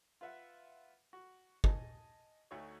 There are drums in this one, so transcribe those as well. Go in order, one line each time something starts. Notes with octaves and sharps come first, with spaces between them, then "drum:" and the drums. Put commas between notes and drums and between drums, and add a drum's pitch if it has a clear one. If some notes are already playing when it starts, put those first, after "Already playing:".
F4 B4 E5 F#5
F#4
D#5 G#5 A5, drum: kick
D2 A3 D#4 F#4 C#5 C#6